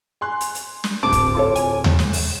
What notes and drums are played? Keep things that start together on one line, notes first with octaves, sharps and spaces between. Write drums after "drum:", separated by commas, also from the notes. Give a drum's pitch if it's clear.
G#5 C6 F#6
drum: hi-hat
drum: hi-hat
drum: snare
D1 C4 A5 D6
drum: kick, hi-hat
F4 A4 C#5
G#5, drum: hi-hat
drum: tom D#2
drum: snare
drum: open hi-hat